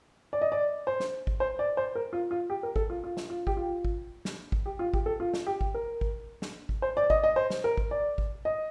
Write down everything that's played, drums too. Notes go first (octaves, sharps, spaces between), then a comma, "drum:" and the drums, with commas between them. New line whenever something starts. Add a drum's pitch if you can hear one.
D5
D#5
D5
C5
drum: snare
drum: kick G#1
C5
D5
C5
A#4
F4
F4
G4
A#4
A4, drum: kick G#1
F4
F4
drum: snare
F4
G4, drum: kick G#1
F4
drum: kick G#1
drum: snare
drum: kick G#1
G4
F4
G4, drum: kick G#1
A4
F4
drum: snare
G4
drum: kick G#1
A#4
drum: kick G#1
drum: snare
drum: kick G#1
C5
D5
D#5, drum: kick G#1
D#5
C5
drum: snare
A#4
drum: kick G#1
D5
drum: kick G#1
D#5